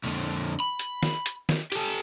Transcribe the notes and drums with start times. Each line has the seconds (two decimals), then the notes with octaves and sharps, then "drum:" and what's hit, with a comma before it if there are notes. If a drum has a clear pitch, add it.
0.05 F2 D3
0.60 B5
0.79 drum: hi-hat
1.03 drum: snare
1.26 drum: hi-hat
1.49 drum: snare
1.72 G4 A4, drum: hi-hat